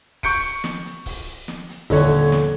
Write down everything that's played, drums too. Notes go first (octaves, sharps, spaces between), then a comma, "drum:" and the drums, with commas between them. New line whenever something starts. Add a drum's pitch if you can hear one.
C#6 G6 C#7 D7, drum: kick, open hi-hat
drum: snare
drum: hi-hat
drum: kick, open hi-hat
drum: snare
drum: hi-hat
D#1 D3 C#5, drum: kick, open hi-hat
drum: snare